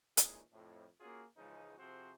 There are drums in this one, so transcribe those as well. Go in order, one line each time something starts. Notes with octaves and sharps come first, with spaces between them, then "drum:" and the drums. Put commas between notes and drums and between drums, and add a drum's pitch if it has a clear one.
A#2 E3 G#3 C#4 D#4 G#4, drum: hi-hat
F2 A2
A#3 C#4 F4 F#4 G#4
C#2 C#3 E3 F3 G#3 D#4
C3 F3 C4 F#4 G#4 C5